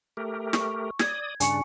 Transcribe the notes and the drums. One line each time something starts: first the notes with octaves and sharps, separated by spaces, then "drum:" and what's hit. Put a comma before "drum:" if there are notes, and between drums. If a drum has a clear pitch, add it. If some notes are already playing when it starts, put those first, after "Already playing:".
A3 G4 A#4
C#6, drum: snare
D5 D#6 G#6, drum: snare
G2 C#3 D4 G#5 C#6 C#7, drum: hi-hat